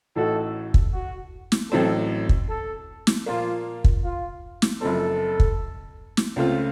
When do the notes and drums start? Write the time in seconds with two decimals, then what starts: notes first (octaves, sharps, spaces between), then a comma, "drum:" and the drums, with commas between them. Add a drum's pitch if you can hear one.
0.16 A1 A2 A3 D#4 F#4 A4
0.74 drum: kick
0.93 F#4
1.52 drum: snare
1.71 A1 A2 F#3 C4 A4
2.29 drum: kick
2.49 A4
3.07 drum: snare
3.26 A#2 F3 A#3 F4
3.84 drum: kick
4.04 F4
4.62 drum: snare
4.81 F#1 F#2 F3 C4 A4
5.40 drum: kick
6.17 drum: snare
6.36 C#2 C#3 A3 C4 F4